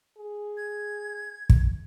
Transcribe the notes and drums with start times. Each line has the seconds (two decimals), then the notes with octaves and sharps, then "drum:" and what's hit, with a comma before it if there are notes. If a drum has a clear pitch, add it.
0.17 G#4
0.57 G#6
1.50 drum: kick